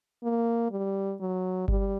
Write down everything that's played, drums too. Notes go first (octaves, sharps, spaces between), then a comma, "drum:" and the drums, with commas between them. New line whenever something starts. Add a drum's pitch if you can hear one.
A#3
G3
F#3
G3, drum: kick G1